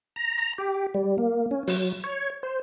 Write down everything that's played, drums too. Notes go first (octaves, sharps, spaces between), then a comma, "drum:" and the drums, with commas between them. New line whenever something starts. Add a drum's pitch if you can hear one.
A#5
drum: hi-hat
G4
G3
A#3
C#4
F#3, drum: open hi-hat
C#5
C5